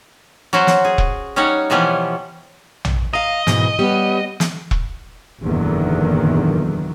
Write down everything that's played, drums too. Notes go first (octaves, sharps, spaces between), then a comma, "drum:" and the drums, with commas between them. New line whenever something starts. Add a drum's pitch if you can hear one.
F#3 C#4 F#4 C5
drum: snare
G#4
drum: kick E1
G3 C#4 D#4 C#5 F#5
B2 E3 F3 G3 B3 C#4
drum: tom A#1
D#5 F5 A#5
G#2 B2 E3, drum: snare
G3 B3 G4 C#5
drum: snare
drum: kick E1
F#1 E2 A#2 D3 D#3 F#3